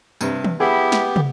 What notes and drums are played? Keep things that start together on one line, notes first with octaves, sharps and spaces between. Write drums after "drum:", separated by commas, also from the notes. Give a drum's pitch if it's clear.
G2 C3, drum: tambourine
drum: tom
B3 E4 G4 G#4
drum: snare
drum: tom